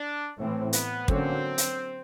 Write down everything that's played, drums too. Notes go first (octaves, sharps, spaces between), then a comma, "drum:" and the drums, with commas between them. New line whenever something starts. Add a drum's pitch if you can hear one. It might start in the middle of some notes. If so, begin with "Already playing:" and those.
Already playing: D4
A2 E3 A3 C4
B3, drum: hi-hat
D3 F#3 A#3 C4 C#4, drum: kick
drum: hi-hat